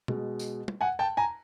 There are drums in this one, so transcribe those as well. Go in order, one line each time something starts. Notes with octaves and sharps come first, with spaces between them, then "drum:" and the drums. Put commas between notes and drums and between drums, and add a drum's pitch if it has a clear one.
B2 G#3, drum: tom
drum: tambourine
drum: tom
F#5 G#5
G5 A5
G#5 A#5